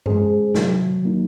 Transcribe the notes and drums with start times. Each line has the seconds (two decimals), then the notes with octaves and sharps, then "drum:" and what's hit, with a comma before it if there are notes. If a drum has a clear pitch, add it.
0.06 G#3 C#4 G#4 C5, drum: tom G2
0.54 C3 D#3 F#3, drum: snare
1.03 F#3 A#3 D#4